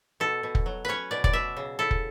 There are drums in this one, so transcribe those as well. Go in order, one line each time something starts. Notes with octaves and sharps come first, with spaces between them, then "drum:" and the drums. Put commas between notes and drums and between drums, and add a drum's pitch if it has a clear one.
B2 A4
B2
drum: kick
F#3
C#4 B4 C#5
B2 D5
D5, drum: kick
B2 E5
C#3
E4 A4
drum: kick